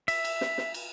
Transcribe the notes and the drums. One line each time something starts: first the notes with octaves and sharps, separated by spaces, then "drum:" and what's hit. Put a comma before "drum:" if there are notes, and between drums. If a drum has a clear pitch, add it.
E5, drum: cymbal
drum: cymbal
drum: snare
drum: snare
drum: cymbal